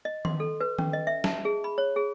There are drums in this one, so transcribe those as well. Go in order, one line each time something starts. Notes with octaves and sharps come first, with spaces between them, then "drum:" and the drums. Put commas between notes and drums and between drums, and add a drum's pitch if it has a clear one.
D#5
C6, drum: tom D#3
A4
B4
C#4, drum: tom D#3
D#5
E5
A5, drum: snare
G#4
B5
C#5
G#4